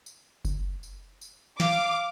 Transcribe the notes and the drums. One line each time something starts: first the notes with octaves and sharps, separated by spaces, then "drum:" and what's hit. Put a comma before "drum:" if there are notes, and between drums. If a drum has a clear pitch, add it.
drum: tambourine
drum: kick F#1, tambourine
drum: tambourine
drum: tambourine
F5 D6, drum: snare